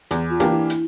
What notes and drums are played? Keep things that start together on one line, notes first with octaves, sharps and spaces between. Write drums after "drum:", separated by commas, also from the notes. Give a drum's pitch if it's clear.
E2, drum: hi-hat
F4
E3 A#3 D4 G4, drum: hi-hat
F4
E4
drum: hi-hat